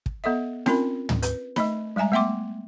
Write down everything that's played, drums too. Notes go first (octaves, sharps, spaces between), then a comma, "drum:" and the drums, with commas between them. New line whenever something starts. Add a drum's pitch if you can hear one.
drum: kick
B3 A4 D#5 E5
C4 C#4 F4 A#4 B5, drum: snare D#4
drum: tom
B4, drum: hi-hat
A3 D#5 B5, drum: snare D#4
G3 G#3 E5 G#5 A#5
A3 B3 E5 G5 C6 D6